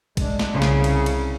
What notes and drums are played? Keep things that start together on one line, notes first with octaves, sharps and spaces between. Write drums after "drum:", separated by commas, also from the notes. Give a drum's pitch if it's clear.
G#3 D4, drum: kick, cymbal
drum: snare
C2 C#3
drum: snare
drum: cymbal
drum: cymbal